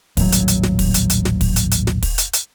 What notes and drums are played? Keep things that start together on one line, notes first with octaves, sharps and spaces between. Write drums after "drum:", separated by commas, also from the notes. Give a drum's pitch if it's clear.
D#1 A1 F#3, drum: kick, open hi-hat
drum: hi-hat
drum: hi-hat
drum: snare
drum: kick, open hi-hat
drum: hi-hat
drum: hi-hat
drum: snare
drum: kick, open hi-hat
drum: hi-hat
drum: hi-hat
drum: snare
drum: kick, open hi-hat
drum: hi-hat
drum: hi-hat